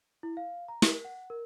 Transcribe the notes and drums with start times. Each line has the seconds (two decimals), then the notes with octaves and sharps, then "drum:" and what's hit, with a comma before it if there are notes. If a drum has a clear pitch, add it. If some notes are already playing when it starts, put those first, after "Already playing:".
0.23 E4
0.37 F5
0.68 A#5
0.82 A#4, drum: snare
1.05 F#5
1.30 A#4